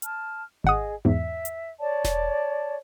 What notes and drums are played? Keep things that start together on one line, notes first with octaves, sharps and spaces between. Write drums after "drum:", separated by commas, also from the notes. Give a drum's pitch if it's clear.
A5 F6, drum: hi-hat
G#1 G#4 D#5 F#5 D#6
E2 G#2 E5
drum: hi-hat
C#5 D5 A5
drum: snare E1